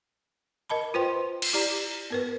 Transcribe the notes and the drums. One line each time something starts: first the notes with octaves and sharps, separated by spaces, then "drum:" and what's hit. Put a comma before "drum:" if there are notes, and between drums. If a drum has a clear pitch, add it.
A#4 D#5 A5 B5
F4 B4 C5 G5 C6
drum: cymbal
E4 G4 D5 A#5
B3 A#4 B4